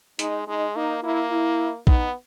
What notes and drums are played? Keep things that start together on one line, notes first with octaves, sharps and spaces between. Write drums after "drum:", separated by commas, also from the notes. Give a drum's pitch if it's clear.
G#3 D#4, drum: hi-hat
G#3 D#4
A#3 D#4
A#3 E4
E4
B3 D#4, drum: kick